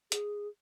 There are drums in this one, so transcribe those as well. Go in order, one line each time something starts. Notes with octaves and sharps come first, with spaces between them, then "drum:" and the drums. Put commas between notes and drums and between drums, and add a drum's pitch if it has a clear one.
G#4, drum: hi-hat